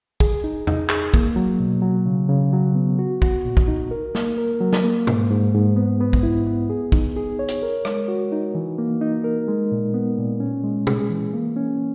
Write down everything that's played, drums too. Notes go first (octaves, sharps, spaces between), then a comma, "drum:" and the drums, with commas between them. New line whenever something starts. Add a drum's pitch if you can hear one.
G#4, drum: kick
D#4
D#4, drum: tom E2
G#4, drum: clap
A#3, drum: kick
F#3
B2
F#3
C#3
C#3
F#3
B3
F#4
F#4, drum: kick
A#2
drum: kick
D#4
A#4
A#3, drum: snare
A#4
F#3
drum: snare
A#3
G#2, drum: tom B2
G#2
G#2
B3
B3
drum: kick
E4
B3
G#4
D#4, drum: kick
G#4
C#5
drum: hi-hat
A#4
G#3, drum: rim click
F#4
D#4
E3
A#3
D#4
A#4
G#3
A#2
B3
A#2
C#4
G#3
G#4, drum: tom B2
E3
A#3
C#4